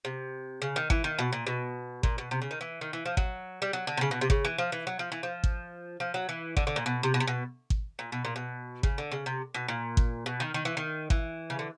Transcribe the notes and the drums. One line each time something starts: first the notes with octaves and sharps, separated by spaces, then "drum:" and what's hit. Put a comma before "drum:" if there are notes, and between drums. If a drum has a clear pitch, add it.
C3
C#3
D#3
E3, drum: kick G#1
D#3
B2
A#2
B2
A#2, drum: kick G#1
B2
C3
C#3
D#3
E3
D#3
E3
F3
F#3, drum: kick G#1
G3
F#3
D3
C3
C#3
B2
C3
C#3, drum: kick G#1
E3
F3
E3
F#3
F3
E3
F3
drum: kick G#1
F3
F#3
E3
D3, drum: kick G#1
D3
A#2
B2
C3
B2
C3
B2
drum: kick G#1
A#2
B2
A#2
B2
C#3, drum: kick G#1
D3
C#3
C3
B2
A#2
drum: kick G#1
B2
D#3
D#3
E3
D#3
E3, drum: kick G#1
C#3
D3